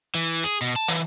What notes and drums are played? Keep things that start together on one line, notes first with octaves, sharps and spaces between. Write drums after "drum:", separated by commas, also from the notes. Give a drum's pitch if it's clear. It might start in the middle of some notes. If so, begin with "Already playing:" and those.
E3
G#4
B2
A5
E3, drum: hi-hat